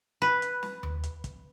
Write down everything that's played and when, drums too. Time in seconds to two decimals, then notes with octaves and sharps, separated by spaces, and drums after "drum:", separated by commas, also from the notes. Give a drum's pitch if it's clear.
0.22 B4
0.42 drum: hi-hat
0.63 drum: snare
0.83 drum: tom D#2
1.03 drum: hi-hat
1.24 drum: kick, hi-hat